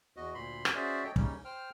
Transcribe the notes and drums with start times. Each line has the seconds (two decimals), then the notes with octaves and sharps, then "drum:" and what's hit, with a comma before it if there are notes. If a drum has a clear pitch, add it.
0.17 E2 F#4 D#5
0.35 D2 A#2 B5 C6
0.65 drum: rim click
0.75 C#4 F#4 G#4 C5 D5 E5
1.04 A4 C#5 D#5 G5
1.16 C#3 G3 A#3 C#4 D#4, drum: kick
1.45 C5 G5 F6